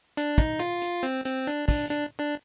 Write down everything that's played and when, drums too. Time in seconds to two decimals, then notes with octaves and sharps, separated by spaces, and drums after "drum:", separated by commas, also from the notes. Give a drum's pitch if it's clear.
0.17 D4, drum: hi-hat
0.38 D#4, drum: kick, hi-hat
0.59 F4, drum: hi-hat
0.82 drum: hi-hat
1.03 C4, drum: hi-hat
1.25 C4, drum: hi-hat
1.47 D4, drum: hi-hat
1.68 D4, drum: kick, open hi-hat
1.90 D4, drum: hi-hat
2.19 D4